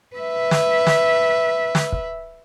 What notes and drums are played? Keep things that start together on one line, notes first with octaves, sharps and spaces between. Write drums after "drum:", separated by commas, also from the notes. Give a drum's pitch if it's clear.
B4 E5
drum: snare
drum: snare
drum: snare
drum: kick